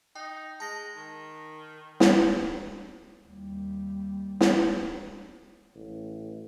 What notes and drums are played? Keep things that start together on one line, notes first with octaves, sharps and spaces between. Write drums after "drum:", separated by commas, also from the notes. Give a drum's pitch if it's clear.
D#4 G5
G#3 A5 A#6
D#3
drum: snare
D#2 G3
drum: snare
A1